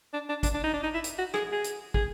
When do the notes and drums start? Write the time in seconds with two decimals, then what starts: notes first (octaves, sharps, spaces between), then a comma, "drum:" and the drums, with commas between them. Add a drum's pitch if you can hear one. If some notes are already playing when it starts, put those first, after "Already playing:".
0.13 D4
0.29 D4
0.43 D4, drum: kick, hi-hat
0.54 D4
0.64 D#4
0.73 D4
0.83 D#4
0.94 E4
1.04 drum: hi-hat
1.18 F#4
1.34 G#4, drum: rim click
1.52 G#4
1.64 drum: hi-hat
1.94 G#4, drum: kick